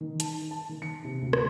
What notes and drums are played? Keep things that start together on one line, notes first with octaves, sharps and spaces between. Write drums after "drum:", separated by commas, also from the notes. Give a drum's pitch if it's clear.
D#3
A5, drum: hi-hat
A5
D#3
C#7
C3
D2
drum: rim click